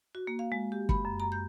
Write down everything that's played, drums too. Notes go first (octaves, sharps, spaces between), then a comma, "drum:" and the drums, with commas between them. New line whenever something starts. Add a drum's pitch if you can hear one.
F#4
A#3
F5
G#3
G4
B5, drum: kick
F#2
A#5
G6